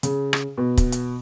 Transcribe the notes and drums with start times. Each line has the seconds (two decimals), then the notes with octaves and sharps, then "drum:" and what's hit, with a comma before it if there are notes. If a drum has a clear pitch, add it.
0.03 C#3, drum: hi-hat
0.33 drum: rim click
0.58 B2
0.77 drum: kick, hi-hat
0.92 drum: hi-hat